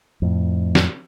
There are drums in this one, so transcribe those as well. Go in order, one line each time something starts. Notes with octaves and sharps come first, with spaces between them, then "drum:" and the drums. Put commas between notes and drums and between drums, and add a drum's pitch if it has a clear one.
F2 A2
drum: snare